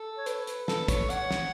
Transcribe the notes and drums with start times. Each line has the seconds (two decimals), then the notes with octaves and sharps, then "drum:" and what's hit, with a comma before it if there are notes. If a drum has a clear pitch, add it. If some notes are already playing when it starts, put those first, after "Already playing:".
Already playing: A4
0.17 C#5
0.26 B4, drum: hi-hat
0.47 drum: hi-hat
0.68 A4, drum: snare
0.88 C#5, drum: kick, hi-hat
1.10 C#5 F#5, drum: hi-hat
1.31 drum: snare